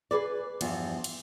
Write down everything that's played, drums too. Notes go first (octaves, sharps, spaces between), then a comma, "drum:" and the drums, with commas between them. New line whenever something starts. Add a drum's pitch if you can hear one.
G#4 A4 B4 D5
E2 G2 F3, drum: cymbal
drum: cymbal